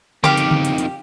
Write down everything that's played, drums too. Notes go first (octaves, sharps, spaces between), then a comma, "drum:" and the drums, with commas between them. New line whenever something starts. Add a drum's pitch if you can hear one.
F2 D#3 G4 F5 D6, drum: tom C#3
drum: hi-hat
drum: tom C#3
drum: hi-hat
drum: hi-hat